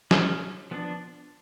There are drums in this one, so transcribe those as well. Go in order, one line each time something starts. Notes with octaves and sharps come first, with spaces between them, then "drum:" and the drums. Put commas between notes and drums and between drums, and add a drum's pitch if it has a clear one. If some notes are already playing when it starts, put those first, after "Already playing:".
F3 G#3 C#4, drum: snare
F3 B3 D4